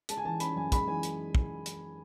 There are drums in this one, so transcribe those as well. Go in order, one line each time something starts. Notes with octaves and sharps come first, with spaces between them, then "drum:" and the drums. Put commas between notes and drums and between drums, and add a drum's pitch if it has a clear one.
G#3 A5, drum: hi-hat
G#5
E3 A5
C#4 B5, drum: hi-hat
F#2 G#5
G#3 B5, drum: kick, hi-hat
E3 G#5
drum: hi-hat
drum: kick
drum: hi-hat